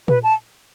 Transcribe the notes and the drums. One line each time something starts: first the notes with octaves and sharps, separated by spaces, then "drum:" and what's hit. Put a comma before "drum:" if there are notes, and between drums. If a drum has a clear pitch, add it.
B4, drum: tom A#2
A5